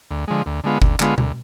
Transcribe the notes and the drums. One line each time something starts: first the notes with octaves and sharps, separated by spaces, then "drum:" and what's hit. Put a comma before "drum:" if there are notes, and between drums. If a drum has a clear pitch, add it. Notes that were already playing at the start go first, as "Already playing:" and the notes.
D2
D3 F3 G#3
D2
D3 G#3 B3 F4
D2, drum: kick G1
D3 G#3 B3 F4, drum: clap
D2, drum: tom B2